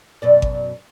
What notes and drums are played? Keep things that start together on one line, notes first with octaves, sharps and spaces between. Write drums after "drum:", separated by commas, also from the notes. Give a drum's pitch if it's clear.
F#2 B2 D5
drum: kick G#1